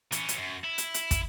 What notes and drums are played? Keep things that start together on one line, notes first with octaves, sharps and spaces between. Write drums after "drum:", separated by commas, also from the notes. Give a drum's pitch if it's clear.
E3 C#4, drum: hi-hat
drum: hi-hat
F#2
E4
drum: hi-hat
drum: hi-hat
drum: kick, hi-hat